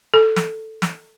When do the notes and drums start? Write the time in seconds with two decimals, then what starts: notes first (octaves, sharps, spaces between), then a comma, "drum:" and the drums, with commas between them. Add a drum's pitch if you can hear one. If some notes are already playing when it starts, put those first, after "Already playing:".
0.14 A4
0.36 drum: snare
0.82 drum: snare